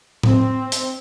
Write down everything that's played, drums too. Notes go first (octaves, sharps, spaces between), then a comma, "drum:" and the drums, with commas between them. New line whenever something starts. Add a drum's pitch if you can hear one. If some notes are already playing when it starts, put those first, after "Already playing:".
C4, drum: tom A2
drum: hi-hat